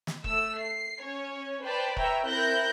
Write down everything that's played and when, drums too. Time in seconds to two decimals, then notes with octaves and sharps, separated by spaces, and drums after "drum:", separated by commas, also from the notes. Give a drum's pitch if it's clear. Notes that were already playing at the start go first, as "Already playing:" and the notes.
0.07 drum: snare
0.24 A3 E6, drum: kick E1
0.58 C7
1.02 C#4 C#5
1.63 B4 C5 D5 G5 A5 B5
1.97 B4 C#5 E5 G5 A#5, drum: kick E1
2.25 C4 E4 A#4 F#6 G6 A#6